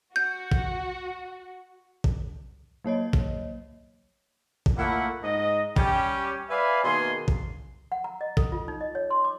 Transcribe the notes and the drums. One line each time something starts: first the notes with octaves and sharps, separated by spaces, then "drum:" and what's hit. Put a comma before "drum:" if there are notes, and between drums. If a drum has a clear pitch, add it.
F#4 G6
drum: kick
drum: kick
F#3 A#3 C#5 D#5
drum: kick
drum: kick
A#2 A3 A#3 E4 F#5
G#2 D#5
G3 C#4 G4, drum: kick
B4 D5 E5 F5 G#5 B5
B2 D#3 A#3 G#4 C6
drum: kick
F#5
A#5
D#5
A4, drum: kick
F4
D#4
D#5
C#5
C6
D6